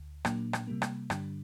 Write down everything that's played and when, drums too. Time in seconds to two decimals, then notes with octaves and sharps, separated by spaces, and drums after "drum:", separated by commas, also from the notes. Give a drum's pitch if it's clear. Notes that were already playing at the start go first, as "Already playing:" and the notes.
Already playing: D2
0.25 A#2 F#3 A#3 D4, drum: rim click
0.53 drum: rim click
0.67 C3 G3 A#3
0.82 drum: rim click
1.10 G2 D3 G3 D4, drum: rim click